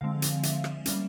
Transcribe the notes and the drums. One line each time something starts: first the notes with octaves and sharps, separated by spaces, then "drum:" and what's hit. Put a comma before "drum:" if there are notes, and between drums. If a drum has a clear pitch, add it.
D3 F3 G#3 C4 F5
drum: hi-hat
E5, drum: hi-hat
drum: rim click
G3 A#3 C#4, drum: hi-hat